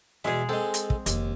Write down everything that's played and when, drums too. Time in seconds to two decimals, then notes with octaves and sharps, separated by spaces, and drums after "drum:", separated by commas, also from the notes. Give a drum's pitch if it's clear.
0.24 E2 B2 G#3 G#4 E5
0.49 G#3 C4 A4
0.74 drum: hi-hat
0.90 drum: kick
1.06 F1 D#2, drum: hi-hat